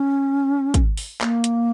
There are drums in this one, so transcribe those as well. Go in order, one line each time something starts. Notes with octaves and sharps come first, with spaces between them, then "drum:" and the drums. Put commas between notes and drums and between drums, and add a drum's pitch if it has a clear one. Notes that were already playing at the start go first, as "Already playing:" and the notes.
Already playing: C#4
drum: kick, hi-hat
drum: open hi-hat
A#3, drum: clap
drum: hi-hat